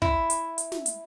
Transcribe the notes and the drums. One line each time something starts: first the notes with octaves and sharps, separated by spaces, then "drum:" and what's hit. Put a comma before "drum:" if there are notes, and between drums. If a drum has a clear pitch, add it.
E4, drum: kick
drum: hi-hat
drum: hi-hat
drum: snare
drum: hi-hat